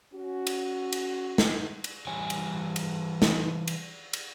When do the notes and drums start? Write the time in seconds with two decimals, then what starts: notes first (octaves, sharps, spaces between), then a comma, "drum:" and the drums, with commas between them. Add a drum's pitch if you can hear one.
0.14 C#4 F#4
0.47 drum: cymbal
0.92 drum: cymbal
1.38 drum: snare
1.84 drum: cymbal
2.07 E3 G3 C#5 G#5
2.30 drum: cymbal
2.76 drum: cymbal
3.22 drum: snare
3.68 drum: cymbal
4.13 drum: cymbal